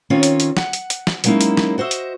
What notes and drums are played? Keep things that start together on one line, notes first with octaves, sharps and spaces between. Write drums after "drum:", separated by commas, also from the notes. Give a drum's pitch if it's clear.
D#3 C4 C#4 F4 C#5
drum: hi-hat
drum: hi-hat
F#5, drum: snare
drum: hi-hat
drum: hi-hat
drum: snare
F#3 G#3 A#3 C#4 D#4 E4, drum: hi-hat
drum: hi-hat
drum: snare
F#4 C5 D#5 E5
drum: hi-hat